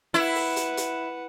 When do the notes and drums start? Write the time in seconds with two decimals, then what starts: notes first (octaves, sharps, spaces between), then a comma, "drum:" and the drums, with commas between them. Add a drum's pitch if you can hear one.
0.14 E4 B4 F#5
0.35 drum: open hi-hat
0.56 drum: hi-hat
0.77 drum: hi-hat